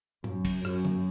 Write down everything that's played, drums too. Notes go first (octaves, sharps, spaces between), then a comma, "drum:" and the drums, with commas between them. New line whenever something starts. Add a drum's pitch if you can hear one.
F#2, drum: tom A2
drum: kick, cymbal
F#2, drum: rim click
drum: tom D3